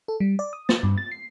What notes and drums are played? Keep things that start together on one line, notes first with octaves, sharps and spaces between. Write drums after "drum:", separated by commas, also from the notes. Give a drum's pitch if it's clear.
A4
G3
D5
D#6
A6, drum: snare
G2
A6
C7